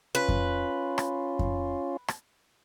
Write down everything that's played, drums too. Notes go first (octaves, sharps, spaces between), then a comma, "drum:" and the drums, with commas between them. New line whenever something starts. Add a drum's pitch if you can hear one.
C#4 F4 B4
drum: kick F2
drum: rim click
drum: kick F2
drum: rim click